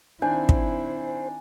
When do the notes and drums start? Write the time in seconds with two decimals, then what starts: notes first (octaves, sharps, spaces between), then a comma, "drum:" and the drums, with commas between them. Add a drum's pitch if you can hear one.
0.22 D#3 C4 D4 E4 C5 G#5
0.49 drum: kick